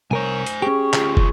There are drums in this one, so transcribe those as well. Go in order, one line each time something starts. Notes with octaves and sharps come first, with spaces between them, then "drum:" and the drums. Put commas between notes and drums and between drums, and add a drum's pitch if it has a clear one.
C2 A#4 C5 C#5 G#5
drum: hi-hat
C#4 G4 G#4 C#6
D2 F4, drum: clap
drum: kick